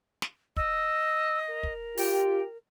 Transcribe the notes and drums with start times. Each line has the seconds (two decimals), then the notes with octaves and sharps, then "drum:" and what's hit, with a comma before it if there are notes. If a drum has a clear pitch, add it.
0.22 drum: snare
0.56 D#5 E6, drum: kick
1.48 A#4
1.63 drum: kick
1.97 F4 G4 G5, drum: open hi-hat